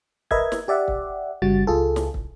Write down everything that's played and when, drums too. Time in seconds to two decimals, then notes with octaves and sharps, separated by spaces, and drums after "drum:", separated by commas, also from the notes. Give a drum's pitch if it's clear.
0.31 A#4 B4 D#5 E5 G#6, drum: kick
0.52 drum: snare
0.68 G4 D5 E5 F#5
0.88 drum: kick
1.42 G1 C#3 G3 F#4 A6
1.67 C#2 F4 G#4 A4
1.96 drum: snare
2.14 drum: kick